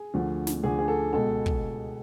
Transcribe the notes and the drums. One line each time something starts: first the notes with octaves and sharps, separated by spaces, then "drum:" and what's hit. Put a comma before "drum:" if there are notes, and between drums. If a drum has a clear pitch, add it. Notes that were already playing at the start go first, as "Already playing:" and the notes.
Already playing: G#4
D2 D3 F3
drum: snare
D2 D3 F3 G#4
G#4
A4
C#2 B2 G#3 A4
drum: kick